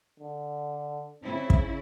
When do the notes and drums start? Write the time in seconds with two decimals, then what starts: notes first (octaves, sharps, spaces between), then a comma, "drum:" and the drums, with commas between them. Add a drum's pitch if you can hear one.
0.20 D3
1.24 C#3 C4 E4
1.50 drum: kick